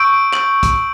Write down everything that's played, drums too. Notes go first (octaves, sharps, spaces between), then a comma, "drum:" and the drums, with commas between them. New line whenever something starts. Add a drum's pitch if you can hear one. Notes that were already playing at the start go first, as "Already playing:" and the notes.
Already playing: C#6 E6 G6 D7
F#7, drum: clap
drum: kick, hi-hat